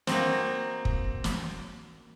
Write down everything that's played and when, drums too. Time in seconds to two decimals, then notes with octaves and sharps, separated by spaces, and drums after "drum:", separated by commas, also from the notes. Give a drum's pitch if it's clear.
0.07 A#3 C4 D#4 F#4, drum: snare
0.85 drum: kick
1.24 drum: snare